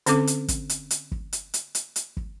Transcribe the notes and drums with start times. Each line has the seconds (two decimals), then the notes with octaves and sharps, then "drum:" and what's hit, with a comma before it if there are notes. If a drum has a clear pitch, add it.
0.06 D3 C4 C#4 A4 D6, drum: hi-hat
0.27 drum: hi-hat
0.48 drum: kick, hi-hat
0.69 drum: hi-hat
0.91 drum: hi-hat
1.12 drum: kick
1.33 drum: hi-hat
1.54 drum: hi-hat
1.75 drum: hi-hat
1.96 drum: hi-hat
2.17 drum: kick